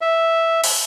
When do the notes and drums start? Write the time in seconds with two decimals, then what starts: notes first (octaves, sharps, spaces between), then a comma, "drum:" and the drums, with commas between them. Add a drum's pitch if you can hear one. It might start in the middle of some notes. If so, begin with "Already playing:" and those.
0.01 E5
0.64 drum: open hi-hat